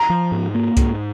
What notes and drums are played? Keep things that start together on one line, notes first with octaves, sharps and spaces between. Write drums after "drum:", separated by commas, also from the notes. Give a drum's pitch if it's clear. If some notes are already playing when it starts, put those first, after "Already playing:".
Already playing: A#5
F3
G#2
A#3
G#2, drum: kick C2, hi-hat